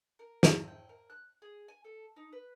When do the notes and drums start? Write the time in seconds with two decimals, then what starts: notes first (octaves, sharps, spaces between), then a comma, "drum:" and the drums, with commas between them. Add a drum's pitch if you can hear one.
0.19 A#4
0.43 A#5, drum: snare
0.68 G5
0.89 A#4
1.10 F#6
1.42 G#4
1.68 G#5
1.84 A4
2.16 D#4
2.33 B4